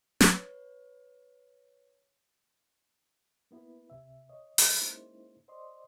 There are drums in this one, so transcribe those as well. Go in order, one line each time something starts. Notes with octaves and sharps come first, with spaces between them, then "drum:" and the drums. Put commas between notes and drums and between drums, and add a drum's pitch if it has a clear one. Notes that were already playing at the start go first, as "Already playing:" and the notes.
B4 C#5, drum: snare
A#3 B3 E4 B4
C#2 C3 E5
C#5 D#5
F3 C4, drum: open hi-hat
G#3 A#3 C#4 D#4 E4 C5
C5 D5 D#5 C6